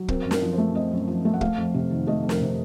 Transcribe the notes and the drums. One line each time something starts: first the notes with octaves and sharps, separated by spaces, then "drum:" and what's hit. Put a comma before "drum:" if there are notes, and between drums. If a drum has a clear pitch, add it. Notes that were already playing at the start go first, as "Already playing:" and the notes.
Already playing: F#3
C4 A#4, drum: kick
F#2
A#4, drum: snare
F3
C5
A3
C4 D#5
F#2
F3
A3
F#5
A3 F5, drum: kick
F2
C3
D#3
A3 D#5
F2
A#4, drum: snare
C3